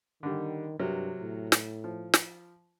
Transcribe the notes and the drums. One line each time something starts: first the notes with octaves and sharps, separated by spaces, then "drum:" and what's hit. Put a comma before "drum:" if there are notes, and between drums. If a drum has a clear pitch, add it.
D3 D#3 G3
G2 C3 F#3 A#4
A2
drum: snare
F3
drum: snare